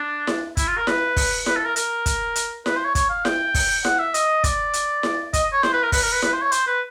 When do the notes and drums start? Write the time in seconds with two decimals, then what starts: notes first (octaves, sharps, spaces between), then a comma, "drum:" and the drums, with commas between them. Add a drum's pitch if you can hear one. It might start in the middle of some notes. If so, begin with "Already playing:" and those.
Already playing: D4
0.27 drum: snare E4
0.57 E4, drum: kick, hi-hat
0.68 F4
0.77 A#4
0.87 B4, drum: snare E4
1.17 drum: kick, open hi-hat
1.46 B4, drum: snare E4
1.56 A4
1.66 A#4
1.76 A#4, drum: hi-hat
2.06 drum: kick, hi-hat
2.36 drum: hi-hat
2.66 B4, drum: snare E4
2.76 C5
2.85 C#5
2.95 C#5, drum: kick, hi-hat
3.10 F5
3.25 G5, drum: snare E4
3.54 drum: kick, open hi-hat
3.85 F#5, drum: snare E4
3.99 E5
4.14 D#5, drum: hi-hat
4.44 D5, drum: kick, hi-hat
4.73 drum: hi-hat
5.03 drum: snare E4
5.33 D#5, drum: kick, hi-hat
5.53 C#5
5.63 C5, drum: snare E4
5.73 B4
5.83 A#4
5.92 B4, drum: kick, open hi-hat
6.02 A#4
6.12 B4
6.22 B4, drum: snare E4
6.32 C5
6.42 C#5
6.52 C5, drum: hi-hat
6.67 B4